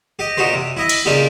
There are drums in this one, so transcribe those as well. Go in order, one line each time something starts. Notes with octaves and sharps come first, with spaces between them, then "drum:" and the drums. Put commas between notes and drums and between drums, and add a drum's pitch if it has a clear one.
G4 D#5
A#2 D#4 F#4 G4 C5
C3
E4 D#5 E5
drum: cymbal
A#2 C#3 A#3 D4 D#4 G4